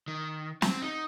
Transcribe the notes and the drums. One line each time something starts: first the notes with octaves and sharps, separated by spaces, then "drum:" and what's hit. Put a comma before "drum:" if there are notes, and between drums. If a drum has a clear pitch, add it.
D#3
C4, drum: snare
D#4